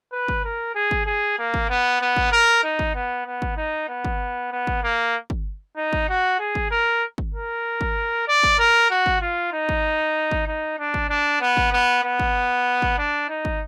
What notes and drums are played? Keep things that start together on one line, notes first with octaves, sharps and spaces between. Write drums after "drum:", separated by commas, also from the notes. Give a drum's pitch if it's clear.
B4
drum: kick
A#4
G#4
drum: kick
G#4
A#3
drum: kick
B3
B3
drum: kick
A#4
D#4
drum: kick
B3
B3
drum: kick
D#4
B3
drum: kick
B3
drum: kick
A#3
drum: kick
D#4
drum: kick
F#4
G#4
drum: kick
A#4
drum: kick
A#4
drum: kick
D5
drum: kick
A#4
F#4
drum: kick
F4
D#4
drum: kick
drum: kick
D#4
D4
drum: kick
D4
B3
drum: kick
B3
B3
drum: kick
drum: kick
D4
D#4
drum: kick